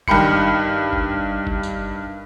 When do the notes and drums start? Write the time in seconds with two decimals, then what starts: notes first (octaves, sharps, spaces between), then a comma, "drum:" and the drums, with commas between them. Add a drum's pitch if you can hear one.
0.08 G2 D#3 G5 B5 C#7, drum: kick G1
0.93 drum: kick G1
1.47 drum: kick G1
1.63 drum: tambourine